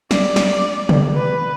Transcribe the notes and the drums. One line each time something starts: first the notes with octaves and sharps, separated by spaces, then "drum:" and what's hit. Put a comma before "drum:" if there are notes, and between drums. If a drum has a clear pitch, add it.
D5, drum: snare
drum: snare
drum: tom
B4